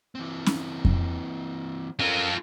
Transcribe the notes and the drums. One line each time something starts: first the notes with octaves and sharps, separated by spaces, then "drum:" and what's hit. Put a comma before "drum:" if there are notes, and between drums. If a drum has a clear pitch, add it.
E3 C4
drum: snare C#4
drum: kick F2
C#4 F4 A4 A#4